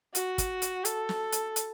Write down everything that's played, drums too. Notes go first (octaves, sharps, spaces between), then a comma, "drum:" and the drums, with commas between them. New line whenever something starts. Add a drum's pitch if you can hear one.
F#4, drum: hi-hat
drum: kick, hi-hat
drum: hi-hat
A4, drum: hi-hat
drum: snare
drum: hi-hat
drum: hi-hat